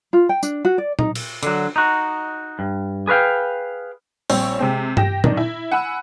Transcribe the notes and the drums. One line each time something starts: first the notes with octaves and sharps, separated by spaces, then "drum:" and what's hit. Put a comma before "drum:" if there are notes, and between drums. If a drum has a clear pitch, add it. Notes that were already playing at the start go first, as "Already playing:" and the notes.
F4
G5
D4, drum: tambourine
F#4
D5
D#4, drum: tom
drum: cymbal
D3 F#3, drum: hi-hat
D#4 F#4
G2
G#4 B4 D5 F5 G5
A#1 G3 C4 C#5 E6, drum: open hi-hat
C3 G#3 C4
G4 G5 A#6 E7, drum: tom G2
D#3 D4 D#4, drum: tom
E4
F#5 G#5 B5 E6